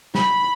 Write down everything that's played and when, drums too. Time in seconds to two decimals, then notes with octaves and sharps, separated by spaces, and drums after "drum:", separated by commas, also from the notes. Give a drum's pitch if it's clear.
0.15 B5, drum: snare